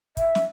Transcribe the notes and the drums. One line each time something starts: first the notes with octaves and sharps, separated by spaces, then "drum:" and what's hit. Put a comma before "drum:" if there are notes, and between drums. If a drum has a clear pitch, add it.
E5, drum: kick, hi-hat
drum: snare